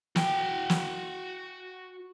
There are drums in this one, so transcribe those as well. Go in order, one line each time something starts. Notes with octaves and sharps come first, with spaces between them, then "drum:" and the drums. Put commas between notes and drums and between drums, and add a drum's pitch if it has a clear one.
F#4 G5, drum: snare
drum: snare